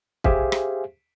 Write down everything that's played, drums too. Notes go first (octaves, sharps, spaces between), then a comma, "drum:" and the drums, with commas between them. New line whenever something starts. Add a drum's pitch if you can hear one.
G4 G#4 C5 E5 F5 G#5, drum: kick
drum: rim click